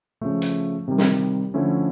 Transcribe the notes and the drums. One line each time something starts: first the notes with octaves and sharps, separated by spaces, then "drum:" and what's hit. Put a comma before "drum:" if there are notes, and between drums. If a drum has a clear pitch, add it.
C#3 F3 A3
drum: hi-hat
C3 D#3 G3
drum: snare
D3 F3 A3 C#4 E4